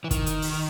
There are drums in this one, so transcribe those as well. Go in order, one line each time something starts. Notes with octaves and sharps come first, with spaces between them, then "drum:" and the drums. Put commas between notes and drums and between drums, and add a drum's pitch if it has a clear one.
E3
D#3, drum: kick, hi-hat
drum: hi-hat
drum: open hi-hat